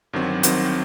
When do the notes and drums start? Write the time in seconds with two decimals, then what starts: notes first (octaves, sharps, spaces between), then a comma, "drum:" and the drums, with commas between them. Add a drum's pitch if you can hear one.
0.13 G1 G2 D#3 F#3 C4
0.43 G1 G2 D#3 F#3 C4, drum: hi-hat